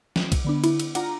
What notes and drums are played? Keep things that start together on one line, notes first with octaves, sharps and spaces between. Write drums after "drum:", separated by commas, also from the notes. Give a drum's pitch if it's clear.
drum: snare
drum: kick B1, cymbal
D3 B3 D4
E4, drum: cymbal
drum: cymbal
D4 F4 F#5 A#5, drum: cymbal